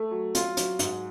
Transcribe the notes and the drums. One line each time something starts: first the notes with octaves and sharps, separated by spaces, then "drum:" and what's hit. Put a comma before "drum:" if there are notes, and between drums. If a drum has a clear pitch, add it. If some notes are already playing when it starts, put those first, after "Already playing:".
Already playing: A3
F#3
F4, drum: hi-hat
F#3, drum: hi-hat
G#2, drum: hi-hat